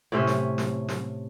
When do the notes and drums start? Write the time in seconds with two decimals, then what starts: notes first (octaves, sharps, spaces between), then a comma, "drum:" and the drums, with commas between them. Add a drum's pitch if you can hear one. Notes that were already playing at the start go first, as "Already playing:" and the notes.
0.12 A2 C3 C#4 E5
0.27 drum: snare
0.58 drum: snare
0.88 drum: snare